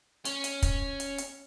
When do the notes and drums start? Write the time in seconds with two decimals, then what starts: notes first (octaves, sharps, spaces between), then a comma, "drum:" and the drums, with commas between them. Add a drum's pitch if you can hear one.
0.25 C#4, drum: hi-hat
0.44 drum: hi-hat
0.62 drum: kick, hi-hat
1.00 drum: hi-hat
1.18 drum: hi-hat